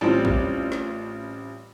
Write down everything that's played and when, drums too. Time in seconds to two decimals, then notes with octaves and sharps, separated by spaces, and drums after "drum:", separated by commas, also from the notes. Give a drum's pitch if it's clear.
0.01 A1 G3 C4 F4 D5
0.25 drum: kick
0.72 drum: snare